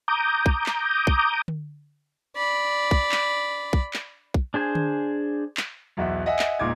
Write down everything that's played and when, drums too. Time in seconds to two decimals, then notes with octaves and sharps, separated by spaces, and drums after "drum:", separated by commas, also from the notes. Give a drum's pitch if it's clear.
0.08 A#5 D6 D#6 G6
0.46 drum: kick
0.66 drum: clap
1.07 drum: kick
1.48 drum: tom D3
2.36 D5 B5
2.91 drum: kick
3.12 drum: clap
3.73 drum: kick
3.93 drum: clap
4.34 drum: kick
4.54 D4 G#4 C5 G#5
4.75 drum: tom D3
5.57 drum: clap
5.97 B1 E2 F#4 E5
6.26 D#5 E5 F#5 G#5
6.39 drum: clap
6.59 E1 A#2 D#4 D6 G#6